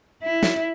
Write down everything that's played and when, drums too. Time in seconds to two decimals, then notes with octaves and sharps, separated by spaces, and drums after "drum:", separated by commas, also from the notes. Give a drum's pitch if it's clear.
0.23 E4
0.43 drum: snare